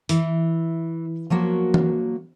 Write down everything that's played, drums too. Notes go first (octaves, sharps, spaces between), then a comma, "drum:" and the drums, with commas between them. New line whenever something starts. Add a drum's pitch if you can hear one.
E3, drum: hi-hat
F3 F#3 A#3 F#4
drum: tom E3